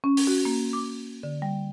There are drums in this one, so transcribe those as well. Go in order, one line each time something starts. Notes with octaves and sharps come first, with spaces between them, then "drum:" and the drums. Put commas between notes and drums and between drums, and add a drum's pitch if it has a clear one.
C#4
drum: open hi-hat
F#4
A#3
D6
D3
G3